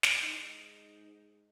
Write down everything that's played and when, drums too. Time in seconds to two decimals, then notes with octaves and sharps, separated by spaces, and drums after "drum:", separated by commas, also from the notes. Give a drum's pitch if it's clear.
0.03 drum: snare
0.23 G#2 D#4